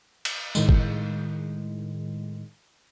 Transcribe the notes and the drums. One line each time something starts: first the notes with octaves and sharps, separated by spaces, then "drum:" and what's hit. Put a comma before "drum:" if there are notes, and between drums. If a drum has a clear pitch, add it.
drum: cymbal
A2 D#3 G#3, drum: tambourine
drum: kick G1